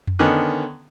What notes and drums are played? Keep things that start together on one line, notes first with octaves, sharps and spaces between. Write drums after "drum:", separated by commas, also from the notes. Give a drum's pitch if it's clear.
drum: tom F2
D3 D#3 B3 C#4